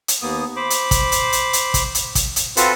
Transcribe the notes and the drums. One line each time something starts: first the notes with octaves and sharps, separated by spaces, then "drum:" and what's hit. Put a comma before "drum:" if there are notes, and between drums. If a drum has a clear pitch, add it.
drum: hi-hat
D#2 A#3 B3 D#6
C5 B5 D6
drum: hi-hat
drum: kick, hi-hat
drum: hi-hat
drum: hi-hat
drum: hi-hat
drum: kick, hi-hat
drum: hi-hat
drum: kick, hi-hat
drum: hi-hat
C4 F4 F#4 A4 B4 C5, drum: hi-hat